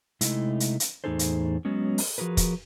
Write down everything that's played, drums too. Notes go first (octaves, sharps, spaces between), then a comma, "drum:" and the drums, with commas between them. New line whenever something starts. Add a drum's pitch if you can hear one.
C3 G#3 A3 D#4 E4, drum: hi-hat
drum: hi-hat
drum: hi-hat
E2 A2 D#4 G#4 A4 C5
drum: hi-hat
F#3 G#3 B3 C#4
drum: open hi-hat
F3 F#4 G#4 A#4 B4
drum: kick, hi-hat